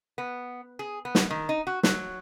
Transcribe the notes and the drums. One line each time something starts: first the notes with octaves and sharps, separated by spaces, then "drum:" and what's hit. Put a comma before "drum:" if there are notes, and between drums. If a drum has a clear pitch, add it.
B3
G#4
B3
drum: snare
D#3
D#4
F#4
F#3, drum: snare